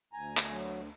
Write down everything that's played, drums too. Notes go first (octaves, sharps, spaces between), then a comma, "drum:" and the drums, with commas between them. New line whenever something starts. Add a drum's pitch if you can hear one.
D2 G#5 A#5
drum: clap
F#3